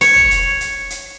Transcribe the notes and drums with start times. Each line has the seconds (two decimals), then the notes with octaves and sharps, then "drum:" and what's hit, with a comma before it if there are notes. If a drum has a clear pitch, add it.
0.01 C#5, drum: hi-hat
0.16 drum: kick
0.31 drum: hi-hat
0.61 drum: hi-hat
0.90 drum: hi-hat